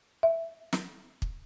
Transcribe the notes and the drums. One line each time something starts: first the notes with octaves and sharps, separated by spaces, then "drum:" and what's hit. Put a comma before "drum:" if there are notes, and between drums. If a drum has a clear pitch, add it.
E5
drum: snare
drum: kick